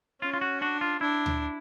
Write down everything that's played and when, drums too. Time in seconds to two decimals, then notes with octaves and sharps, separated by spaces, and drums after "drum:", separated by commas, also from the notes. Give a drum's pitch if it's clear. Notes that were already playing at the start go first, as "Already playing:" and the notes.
0.22 C#4 F4
0.34 F4
0.41 F#4
0.61 D4 F#4
0.81 F4
1.01 D4 E4
1.26 drum: tom D2